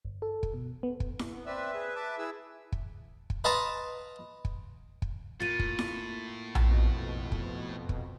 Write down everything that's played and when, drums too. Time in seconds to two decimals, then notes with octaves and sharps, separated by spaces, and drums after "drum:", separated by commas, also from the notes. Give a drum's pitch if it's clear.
0.05 G1
0.22 A4
0.43 drum: kick
0.54 B2
0.83 B3
1.00 drum: kick
1.19 drum: snare E4
1.31 B3
1.46 C4 B4 D5 E5 E6
1.74 G#4
1.96 A5 D6
2.18 E4 G#4 E6
2.72 drum: kick
3.30 drum: kick
3.44 B4 D#5 F5 A5 A#5 C6
4.45 drum: kick
5.02 drum: kick
5.40 A2 A#3 F4 A6 D#7
5.59 drum: kick
5.79 drum: snare E4
6.55 drum: tom A#1
6.68 F2 B2
7.32 drum: kick
7.89 drum: kick